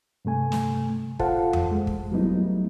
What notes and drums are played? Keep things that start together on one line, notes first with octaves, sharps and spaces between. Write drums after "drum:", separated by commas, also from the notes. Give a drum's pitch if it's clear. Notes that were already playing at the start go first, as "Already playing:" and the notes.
G2 C3 A3 G#5
drum: snare
F4 A4 C5 F5 F#5 A5, drum: kick
drum: tom F2
G#3
drum: kick
F#3 G3 A3 B3 D#4 E4